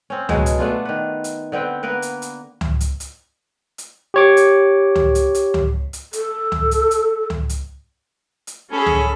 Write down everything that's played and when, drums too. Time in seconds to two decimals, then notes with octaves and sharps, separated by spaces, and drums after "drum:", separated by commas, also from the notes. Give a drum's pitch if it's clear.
0.10 C4 C#4
0.29 B2 F#3 G#3 B3, drum: tom C#2
0.46 drum: hi-hat
0.59 A3 B3 D4 F4
0.85 D#3 B4
1.24 drum: hi-hat
1.52 D3 B3 C4 G5
1.83 A#3 B3 A#4 B4
2.02 drum: hi-hat
2.22 drum: hi-hat
2.61 drum: tom C#2
2.80 drum: hi-hat
3.00 drum: hi-hat
3.78 drum: hi-hat
4.14 G4 C#5 D6
4.37 drum: hi-hat
4.95 drum: tom C#2
5.15 drum: hi-hat
5.35 drum: hi-hat
5.54 drum: tom C#2
5.93 drum: hi-hat
6.13 A4, drum: hi-hat
6.52 drum: tom C#2
6.71 drum: hi-hat
6.91 drum: hi-hat
7.30 drum: tom C#2
7.49 drum: hi-hat
8.47 drum: hi-hat
8.72 C#4 G#4 A4 B5
8.86 drum: tom C#2